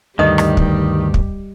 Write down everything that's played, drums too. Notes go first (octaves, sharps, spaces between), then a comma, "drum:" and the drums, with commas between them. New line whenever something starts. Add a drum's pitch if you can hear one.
D2 G2 D#3 G3 G4 D#5 D#6
drum: rim click
drum: kick
drum: kick